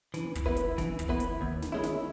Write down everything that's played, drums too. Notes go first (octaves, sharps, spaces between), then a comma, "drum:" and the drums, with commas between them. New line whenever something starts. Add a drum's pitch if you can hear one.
E3, drum: snare
drum: kick, hi-hat
B3 E4 B4
drum: hi-hat
E3, drum: snare
drum: kick, hi-hat
B3 E4 B4
drum: hi-hat
D#2
drum: snare
D#3 G#3 C#4 E4
drum: snare